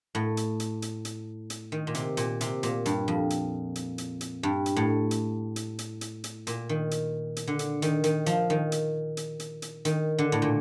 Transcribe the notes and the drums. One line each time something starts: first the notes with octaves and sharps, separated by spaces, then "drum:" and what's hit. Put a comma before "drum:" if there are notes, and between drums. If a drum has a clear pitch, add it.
A2
drum: hi-hat
drum: hi-hat
drum: hi-hat
drum: hi-hat
drum: hi-hat
D#3
A#2
C3, drum: hi-hat
A#2, drum: hi-hat
C3, drum: hi-hat
A#2, drum: hi-hat
G2, drum: hi-hat
F2
drum: hi-hat
drum: hi-hat
drum: hi-hat
drum: hi-hat
G2
drum: hi-hat
A2
drum: hi-hat
drum: hi-hat
drum: hi-hat
drum: hi-hat
drum: hi-hat
A#2, drum: hi-hat
D#3
drum: hi-hat
drum: hi-hat
D3
drum: hi-hat
D#3, drum: hi-hat
D#3, drum: hi-hat
F3, drum: hi-hat
D#3
drum: hi-hat
drum: hi-hat
drum: hi-hat
drum: hi-hat
D#3, drum: hi-hat
D3
A2
A#2